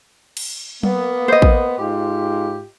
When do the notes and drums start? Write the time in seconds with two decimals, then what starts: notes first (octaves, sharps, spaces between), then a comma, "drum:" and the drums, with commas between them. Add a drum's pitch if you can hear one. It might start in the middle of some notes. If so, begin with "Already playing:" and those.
0.37 drum: cymbal
0.83 A#3 B3, drum: tom F#3
1.28 C5 D#5
1.42 drum: kick A1
1.78 G#2 F4 G4